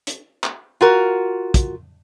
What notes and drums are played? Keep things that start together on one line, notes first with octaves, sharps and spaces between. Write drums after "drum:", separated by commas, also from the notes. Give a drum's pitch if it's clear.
drum: hi-hat
drum: clap
F4 F#4 A#4
drum: kick, hi-hat